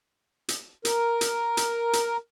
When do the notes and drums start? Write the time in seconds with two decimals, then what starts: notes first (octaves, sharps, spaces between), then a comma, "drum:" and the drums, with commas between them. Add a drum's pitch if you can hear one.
0.48 drum: hi-hat
0.85 A#4, drum: hi-hat
1.21 drum: hi-hat
1.57 drum: hi-hat
1.93 drum: hi-hat